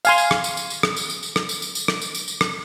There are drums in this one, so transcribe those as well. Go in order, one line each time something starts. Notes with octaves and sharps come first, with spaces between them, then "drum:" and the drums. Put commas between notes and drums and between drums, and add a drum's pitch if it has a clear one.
F5 G#5 C6, drum: tambourine
drum: tambourine
drum: rim click
drum: tambourine
drum: tambourine
drum: tambourine
drum: rim click
drum: tambourine
drum: tambourine
drum: tambourine
drum: rim click
drum: tambourine
drum: tambourine
drum: tambourine
drum: rim click
drum: tambourine
drum: tambourine
drum: tambourine
drum: rim click